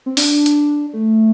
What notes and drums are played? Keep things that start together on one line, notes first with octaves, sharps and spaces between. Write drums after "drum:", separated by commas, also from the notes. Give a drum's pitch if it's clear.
C4
D4, drum: open hi-hat
drum: hi-hat
A3